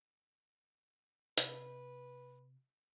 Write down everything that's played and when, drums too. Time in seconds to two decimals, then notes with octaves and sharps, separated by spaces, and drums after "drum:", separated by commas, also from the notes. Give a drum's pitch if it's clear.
1.38 C3 B4, drum: hi-hat